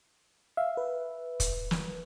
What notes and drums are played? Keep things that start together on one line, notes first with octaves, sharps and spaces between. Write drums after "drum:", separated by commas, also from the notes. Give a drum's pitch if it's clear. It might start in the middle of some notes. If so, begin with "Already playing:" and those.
E5 F5
B4
drum: kick, hi-hat
drum: snare